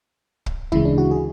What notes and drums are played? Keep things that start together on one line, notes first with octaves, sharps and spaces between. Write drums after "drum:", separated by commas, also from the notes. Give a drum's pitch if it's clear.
drum: kick
D2 C#3 E3 G#3 E4, drum: kick
D4
F#4
G#4